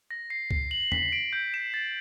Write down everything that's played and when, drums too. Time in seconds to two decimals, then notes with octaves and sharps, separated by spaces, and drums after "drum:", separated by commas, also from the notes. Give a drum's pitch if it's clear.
0.11 A#6
0.30 C7
0.51 C7, drum: kick C2
0.71 F#7
0.92 B6, drum: tom
1.12 D7
1.33 G6
1.54 E7
1.74 A6